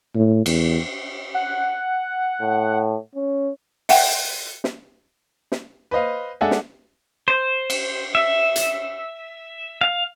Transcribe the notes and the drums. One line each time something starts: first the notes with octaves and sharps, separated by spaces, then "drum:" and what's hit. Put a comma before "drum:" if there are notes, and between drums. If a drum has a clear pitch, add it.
A2
E2, drum: cymbal
F#5
A2
C#4
E5 F#5 G5, drum: open hi-hat
drum: snare
drum: snare
B4 C5 D#5 F5
G#3 D4 A4 E5 F#5 G#5
drum: snare
C5
drum: cymbal
E5
drum: hi-hat
F5